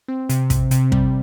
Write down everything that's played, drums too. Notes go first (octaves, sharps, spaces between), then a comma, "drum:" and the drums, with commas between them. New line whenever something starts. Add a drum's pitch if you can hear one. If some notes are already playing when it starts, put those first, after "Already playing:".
C4
C3, drum: hi-hat
C3, drum: kick, hi-hat
C3, drum: hi-hat
G3, drum: kick